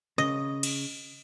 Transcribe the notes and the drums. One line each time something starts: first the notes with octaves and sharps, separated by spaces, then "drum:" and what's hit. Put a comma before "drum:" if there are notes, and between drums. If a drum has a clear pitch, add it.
C#3 D#5
drum: cymbal